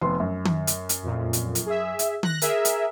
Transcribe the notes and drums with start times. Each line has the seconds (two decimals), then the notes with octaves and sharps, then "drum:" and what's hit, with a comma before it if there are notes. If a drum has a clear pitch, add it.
0.01 F1 B3 C6
0.20 F#2
0.45 drum: tom D#3
0.67 drum: hi-hat
0.89 drum: hi-hat
1.03 F2 A#2
1.33 drum: hi-hat
1.55 drum: hi-hat
1.66 G#4 E5
1.99 drum: hi-hat
2.23 F#6 A#6, drum: tom D#3
2.42 G#4 A#4 E5, drum: hi-hat
2.65 drum: hi-hat